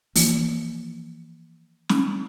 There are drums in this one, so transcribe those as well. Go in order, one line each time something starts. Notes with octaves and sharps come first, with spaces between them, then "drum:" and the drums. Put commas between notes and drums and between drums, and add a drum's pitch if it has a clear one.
E3 F3 A#3, drum: open hi-hat
drum: snare